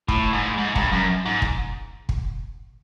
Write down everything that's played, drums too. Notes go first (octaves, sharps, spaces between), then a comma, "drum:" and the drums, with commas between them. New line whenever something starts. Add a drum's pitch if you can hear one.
A2, drum: kick
G#2
G#2
G2, drum: kick
F#2
G#2
drum: kick
drum: kick